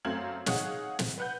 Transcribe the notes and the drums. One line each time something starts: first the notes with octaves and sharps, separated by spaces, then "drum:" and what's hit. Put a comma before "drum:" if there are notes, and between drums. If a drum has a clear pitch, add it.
F#2 A3 C4 F5 G#6 F#7
D#4 G#4 C#5 F5 F#5, drum: snare
drum: snare
B4 F#5 G6